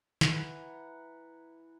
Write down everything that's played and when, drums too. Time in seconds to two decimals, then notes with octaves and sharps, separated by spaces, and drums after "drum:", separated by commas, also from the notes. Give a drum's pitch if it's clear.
0.21 E3 F#5 A#5, drum: snare